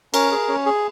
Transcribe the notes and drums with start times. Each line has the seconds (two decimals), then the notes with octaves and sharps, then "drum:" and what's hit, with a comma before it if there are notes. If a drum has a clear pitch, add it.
0.14 C#4 A#4, drum: cymbal
0.31 G#4
0.48 C#4
0.66 G#4